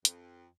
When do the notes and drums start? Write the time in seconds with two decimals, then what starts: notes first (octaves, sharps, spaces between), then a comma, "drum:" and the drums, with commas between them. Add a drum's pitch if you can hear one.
0.05 F2, drum: hi-hat